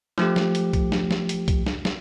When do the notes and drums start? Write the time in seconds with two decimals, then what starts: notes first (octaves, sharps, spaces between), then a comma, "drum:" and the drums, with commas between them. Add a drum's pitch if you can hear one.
0.18 F3 A3 G4, drum: snare
0.36 drum: snare
0.55 drum: hi-hat
0.73 drum: kick B1, hi-hat
0.92 drum: snare
1.11 drum: snare
1.29 drum: hi-hat
1.48 drum: kick B1, hi-hat
1.66 drum: snare
1.85 drum: snare